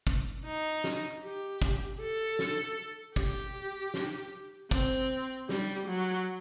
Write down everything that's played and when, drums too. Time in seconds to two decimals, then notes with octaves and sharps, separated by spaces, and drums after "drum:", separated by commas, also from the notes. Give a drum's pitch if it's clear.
0.07 drum: kick
0.45 D#4
0.84 drum: snare
1.23 G4
1.62 drum: kick
2.01 A4
2.39 drum: snare
3.16 G4, drum: kick
3.94 drum: snare
4.71 C4, drum: kick
5.49 G3, drum: snare
5.88 F#3